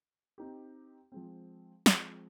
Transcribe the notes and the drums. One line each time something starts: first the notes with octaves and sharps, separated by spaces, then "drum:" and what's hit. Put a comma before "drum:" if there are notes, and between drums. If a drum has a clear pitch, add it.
C4 D#4 G4
F3 G#3 C4
F3 G#3 C4, drum: snare